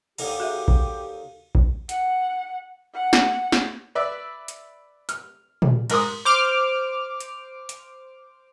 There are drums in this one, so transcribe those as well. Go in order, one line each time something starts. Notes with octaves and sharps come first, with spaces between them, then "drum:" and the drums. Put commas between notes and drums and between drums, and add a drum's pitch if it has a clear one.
D#2 D3 G4 A#5, drum: cymbal
F#4 G#4 E5
drum: kick A#1
drum: kick A#1
F#5, drum: hi-hat
F#5
drum: snare
drum: snare
B4 D5 E5
drum: hi-hat
F6, drum: hi-hat
drum: tom A#2
G#2 A#4 C6 D#6, drum: cymbal
C5 D6 F6
drum: hi-hat
drum: hi-hat